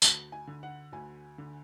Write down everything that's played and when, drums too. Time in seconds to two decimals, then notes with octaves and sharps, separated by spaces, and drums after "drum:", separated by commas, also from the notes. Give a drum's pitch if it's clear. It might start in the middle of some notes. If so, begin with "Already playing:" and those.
0.02 D2 A5, drum: tambourine
0.32 G#5
0.47 D3
0.63 F#5
0.92 D2 G#5
1.38 D3